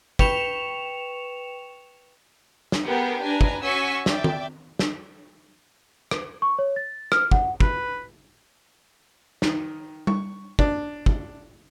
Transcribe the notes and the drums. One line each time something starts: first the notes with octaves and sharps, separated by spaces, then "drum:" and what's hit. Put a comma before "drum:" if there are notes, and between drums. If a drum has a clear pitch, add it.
B4 G5 C#6 C#7 E7 F7, drum: kick
drum: snare
B3 G4 G#4 A#4 F#5
D4 B4 G#5 A#5
drum: kick
C#4 F#4 G#5 C#6 E6 B6
D5 E5 G5, drum: snare
drum: tom D#3
drum: snare
drum: rim click
C#6
C#5
A6
F6, drum: rim click
F#5, drum: kick
B4, drum: kick
D#3, drum: snare
C#6, drum: tom G3
D4, drum: kick
drum: kick